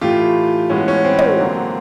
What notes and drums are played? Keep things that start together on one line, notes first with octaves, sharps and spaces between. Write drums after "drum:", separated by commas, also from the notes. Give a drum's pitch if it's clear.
A2 E3 A3 F4 G4
A2 E3 G#3 B3 C#4
C#4
C4
drum: tom
D3 F#3 A#3